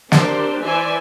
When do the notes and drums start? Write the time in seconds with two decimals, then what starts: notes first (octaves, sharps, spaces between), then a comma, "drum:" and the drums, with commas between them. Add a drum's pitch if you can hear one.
0.12 C4 D4 G4 A#4 C5, drum: snare
0.62 E3 C5 D5 E5 G#5